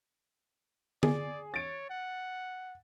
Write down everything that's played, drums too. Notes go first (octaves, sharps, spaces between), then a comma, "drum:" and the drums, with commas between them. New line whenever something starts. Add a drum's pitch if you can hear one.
G#4 D5, drum: tom D3
C#5 A6 D7
F#5